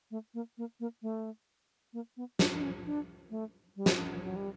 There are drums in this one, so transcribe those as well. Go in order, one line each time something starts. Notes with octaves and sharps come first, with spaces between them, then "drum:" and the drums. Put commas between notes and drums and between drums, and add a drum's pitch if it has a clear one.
A3
A#3
A#3
A#3
A3
A#3
B3
D4, drum: snare
D4
C#4
D4
A3
G3
drum: snare
F#3
G3